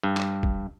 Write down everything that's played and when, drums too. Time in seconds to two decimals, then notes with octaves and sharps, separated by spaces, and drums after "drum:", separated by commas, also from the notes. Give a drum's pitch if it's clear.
0.03 G2
0.17 drum: clap
0.43 drum: kick